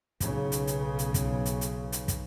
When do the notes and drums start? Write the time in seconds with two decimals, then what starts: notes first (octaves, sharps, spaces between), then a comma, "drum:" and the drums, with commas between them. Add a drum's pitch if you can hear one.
0.20 B1 C#3, drum: kick, hi-hat
0.52 drum: hi-hat
0.67 drum: hi-hat
0.99 drum: hi-hat
1.14 drum: kick, hi-hat
1.46 drum: hi-hat
1.61 drum: hi-hat
1.92 drum: hi-hat
2.08 drum: kick, hi-hat